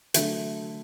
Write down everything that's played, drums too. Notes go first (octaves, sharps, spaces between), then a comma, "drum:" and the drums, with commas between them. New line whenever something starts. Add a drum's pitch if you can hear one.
D3 F#3 A3 E5, drum: hi-hat